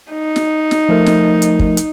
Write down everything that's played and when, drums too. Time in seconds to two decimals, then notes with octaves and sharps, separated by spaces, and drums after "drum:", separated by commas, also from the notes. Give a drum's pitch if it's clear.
0.12 D#4
0.36 drum: snare
0.71 drum: snare
0.89 F3 A3 A#4
1.06 drum: snare
1.42 drum: hi-hat
1.59 drum: kick
1.77 drum: hi-hat